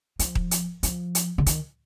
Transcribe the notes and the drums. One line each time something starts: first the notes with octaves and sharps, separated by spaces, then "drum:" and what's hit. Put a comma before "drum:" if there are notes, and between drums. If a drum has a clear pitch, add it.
F3, drum: hi-hat
drum: kick D#1
drum: hi-hat
F3, drum: hi-hat
drum: hi-hat
D3
D#3, drum: hi-hat